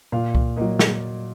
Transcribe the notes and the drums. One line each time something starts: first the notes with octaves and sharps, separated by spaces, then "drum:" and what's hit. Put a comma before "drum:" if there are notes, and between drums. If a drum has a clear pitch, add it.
A#2 F5
drum: kick C2
F#3 A#3 D#5
drum: snare